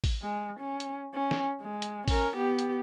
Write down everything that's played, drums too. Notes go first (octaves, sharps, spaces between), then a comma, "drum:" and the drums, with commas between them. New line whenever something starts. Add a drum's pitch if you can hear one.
drum: kick A1, open hi-hat
G#3
C#4
drum: hi-hat
C#4
drum: snare
G#3
drum: hi-hat
C#4 A#4, drum: kick A1, open hi-hat
B3 G4
drum: hi-hat